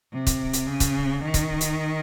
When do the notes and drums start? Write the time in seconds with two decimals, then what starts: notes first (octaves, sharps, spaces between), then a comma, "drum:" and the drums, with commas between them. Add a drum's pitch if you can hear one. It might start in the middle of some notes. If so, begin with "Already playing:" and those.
0.13 C3
0.27 drum: kick, hi-hat
0.53 drum: hi-hat
0.67 C#3
0.80 drum: kick, hi-hat
1.21 D#3
1.34 drum: kick, hi-hat
1.61 drum: hi-hat